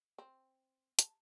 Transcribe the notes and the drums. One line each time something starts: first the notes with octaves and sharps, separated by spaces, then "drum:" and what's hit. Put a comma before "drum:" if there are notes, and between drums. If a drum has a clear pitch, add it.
C4
A5, drum: hi-hat